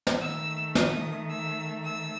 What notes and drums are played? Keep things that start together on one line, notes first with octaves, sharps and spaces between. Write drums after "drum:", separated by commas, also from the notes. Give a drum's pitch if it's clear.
drum: snare
D#3 A3 E6
D#6, drum: snare
E6
E6